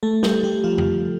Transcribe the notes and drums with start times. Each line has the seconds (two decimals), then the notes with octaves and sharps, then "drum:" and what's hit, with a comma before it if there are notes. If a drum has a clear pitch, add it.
0.03 A3 A4
0.23 G3 G4, drum: snare
0.43 G3 G4
0.64 F3 F4
0.78 drum: tom F2